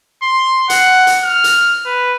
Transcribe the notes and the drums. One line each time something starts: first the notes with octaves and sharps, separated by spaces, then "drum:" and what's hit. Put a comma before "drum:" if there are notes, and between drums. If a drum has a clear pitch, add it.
C6
F#5, drum: hi-hat
drum: hi-hat
F6
drum: hi-hat
B4